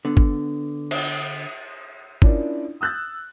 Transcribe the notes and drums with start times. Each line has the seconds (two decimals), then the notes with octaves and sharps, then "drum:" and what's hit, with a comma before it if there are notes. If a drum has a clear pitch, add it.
0.05 D3 B3
0.17 drum: kick
0.91 drum: cymbal
2.22 C#4 D4 E4 F4 A#4 D5, drum: kick
2.81 D#6 E6 F#6 G6 A6